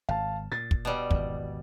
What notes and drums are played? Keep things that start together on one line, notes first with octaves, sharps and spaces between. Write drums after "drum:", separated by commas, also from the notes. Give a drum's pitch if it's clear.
G#1 F5 A5
A#2 A6
drum: kick
B2 G3
G#1 E2, drum: kick